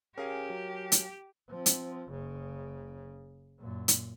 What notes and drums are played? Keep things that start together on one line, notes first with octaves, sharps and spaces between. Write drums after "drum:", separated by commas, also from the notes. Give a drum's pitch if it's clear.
C#4 G4 G#4 A#4 F5 G#5
F#3
drum: hi-hat
F3 C4
drum: hi-hat
F#1 C#3
F#2 A#2
drum: hi-hat